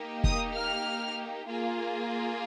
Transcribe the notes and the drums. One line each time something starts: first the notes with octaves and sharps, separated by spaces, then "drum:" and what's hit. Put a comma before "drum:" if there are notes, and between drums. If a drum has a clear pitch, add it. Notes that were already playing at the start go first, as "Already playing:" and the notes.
Already playing: A#3 D#4 G4
D#6, drum: kick
F6
A#3 F4 G#4